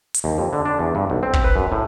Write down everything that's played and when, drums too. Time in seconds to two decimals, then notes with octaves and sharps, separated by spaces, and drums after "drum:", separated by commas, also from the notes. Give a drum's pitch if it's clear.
0.14 drum: hi-hat
0.24 D#2
0.38 F2
0.53 D3
0.65 D4
0.79 E2
0.95 G2
1.10 B1
1.23 C4
1.33 drum: kick
1.44 B4
1.56 F#2
1.72 A2